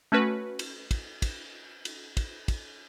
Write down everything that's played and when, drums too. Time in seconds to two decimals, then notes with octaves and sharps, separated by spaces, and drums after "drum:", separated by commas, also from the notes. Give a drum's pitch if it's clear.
0.12 A3 C#4 F#4 B4
0.59 drum: cymbal
0.91 drum: kick, cymbal
1.22 drum: kick, cymbal
1.85 drum: cymbal
2.17 drum: kick, cymbal
2.48 drum: kick, cymbal